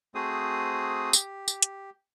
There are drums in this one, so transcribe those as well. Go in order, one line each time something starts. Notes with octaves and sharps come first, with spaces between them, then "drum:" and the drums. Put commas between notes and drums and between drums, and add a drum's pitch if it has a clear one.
A3 C4 F#4 G#4 C5 D#6
G4, drum: tambourine
drum: tambourine
drum: hi-hat